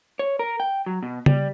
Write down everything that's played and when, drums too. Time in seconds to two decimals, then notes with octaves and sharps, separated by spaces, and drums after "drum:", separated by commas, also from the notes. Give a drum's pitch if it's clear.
0.19 C#5
0.39 A#4
0.60 G5
0.86 F#3
1.03 B2
1.26 G3, drum: tom C#3